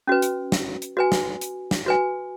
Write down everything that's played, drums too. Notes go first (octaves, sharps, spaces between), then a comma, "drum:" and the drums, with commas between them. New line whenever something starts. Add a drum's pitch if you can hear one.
C#4 F#4 B4
drum: hi-hat
drum: snare
drum: hi-hat
F#4 B4 G#5
drum: snare
drum: hi-hat
drum: snare
F#4 B4 G#5